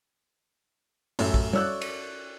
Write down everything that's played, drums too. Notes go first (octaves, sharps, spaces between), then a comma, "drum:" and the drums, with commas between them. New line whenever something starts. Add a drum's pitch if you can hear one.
A1 F#2 C#4 A4 E5, drum: open hi-hat
drum: kick
F#4 C#5 D5 E6 F#6, drum: tom
drum: cymbal